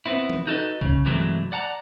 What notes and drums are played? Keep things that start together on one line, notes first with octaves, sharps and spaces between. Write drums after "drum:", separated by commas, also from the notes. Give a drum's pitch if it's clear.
B3 C4 E4
drum: tom E3
D#4 F#4 A4 B4 D#5
C#3, drum: kick B1
G2 C3 E3 F#3 G#3 A3
D5 F#5 A5 A#5